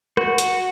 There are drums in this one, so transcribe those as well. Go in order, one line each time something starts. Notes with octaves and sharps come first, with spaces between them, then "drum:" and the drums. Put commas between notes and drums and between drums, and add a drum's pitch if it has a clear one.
F#4, drum: rim click
drum: hi-hat